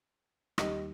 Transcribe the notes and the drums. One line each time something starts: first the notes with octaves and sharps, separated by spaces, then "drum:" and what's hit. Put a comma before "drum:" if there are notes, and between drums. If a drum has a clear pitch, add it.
D#2 D#3 G3 D#5, drum: rim click